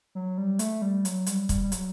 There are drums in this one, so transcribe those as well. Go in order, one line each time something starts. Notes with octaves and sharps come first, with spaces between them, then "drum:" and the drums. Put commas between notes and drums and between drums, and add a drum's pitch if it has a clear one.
F#3
G3
A3, drum: hi-hat
G3
F#3, drum: hi-hat
G3, drum: hi-hat
G3, drum: kick, hi-hat
G3
F#3, drum: hi-hat